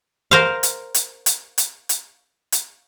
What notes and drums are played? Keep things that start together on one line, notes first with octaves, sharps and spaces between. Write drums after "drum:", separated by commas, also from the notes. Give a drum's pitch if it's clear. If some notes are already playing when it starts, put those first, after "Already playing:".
A#4 C5 F5
drum: hi-hat
drum: hi-hat
drum: hi-hat
drum: hi-hat
drum: hi-hat
drum: hi-hat